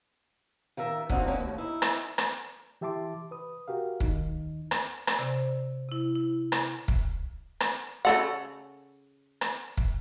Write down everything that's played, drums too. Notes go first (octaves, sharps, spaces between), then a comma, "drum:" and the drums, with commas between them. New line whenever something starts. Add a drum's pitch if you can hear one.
D#3 F4 A#4 E5
D#2 D3 C4 D#4 F#4 F5, drum: kick
D3 F#3 A#3 C4 C#4
D#2 A2
D#4 E4
drum: rim click
drum: rim click
E3 G4 E5 A5 C6 D6
B4 D#6
F#4 G4 A#4 F5
D#2 D#3 D#4, drum: kick
drum: rim click
drum: rim click
C3 C5 D5
C3 E4
E4
drum: rim click
drum: kick
drum: rim click
C#3 A4 F#5
drum: rim click
drum: kick